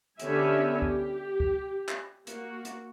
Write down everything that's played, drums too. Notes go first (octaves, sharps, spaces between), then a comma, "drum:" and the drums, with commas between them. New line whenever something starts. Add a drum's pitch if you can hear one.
D3 B3 C#4 G4 E5 G#5, drum: hi-hat
G4, drum: kick
drum: kick
drum: clap
A#3 F#4, drum: hi-hat
drum: hi-hat